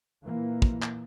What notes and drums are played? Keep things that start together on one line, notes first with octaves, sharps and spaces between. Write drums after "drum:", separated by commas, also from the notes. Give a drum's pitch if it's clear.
A#2 E3 A#3
drum: kick
drum: clap